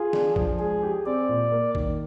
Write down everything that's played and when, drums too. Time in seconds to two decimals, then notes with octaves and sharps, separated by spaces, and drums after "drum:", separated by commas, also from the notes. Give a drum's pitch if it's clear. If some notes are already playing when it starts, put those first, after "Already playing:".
Already playing: F4 G#4
0.13 D4, drum: snare
0.36 F3, drum: kick
0.59 G#3 G#4
0.83 G4
1.06 C4 D5
1.29 A#2
1.51 A#3
1.75 D#3, drum: kick